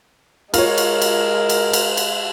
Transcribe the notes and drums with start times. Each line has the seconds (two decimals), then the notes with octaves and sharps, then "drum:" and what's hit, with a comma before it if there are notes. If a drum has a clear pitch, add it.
0.54 G#3 F4 A#4 C#5, drum: cymbal
0.78 drum: cymbal
1.02 drum: cymbal
1.49 drum: cymbal
1.73 drum: cymbal
1.97 drum: cymbal